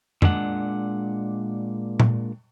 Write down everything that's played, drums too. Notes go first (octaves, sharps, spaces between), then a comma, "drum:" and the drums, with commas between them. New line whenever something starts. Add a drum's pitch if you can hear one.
A#2 G#3 D4 F#5, drum: tom F2
drum: tom A#2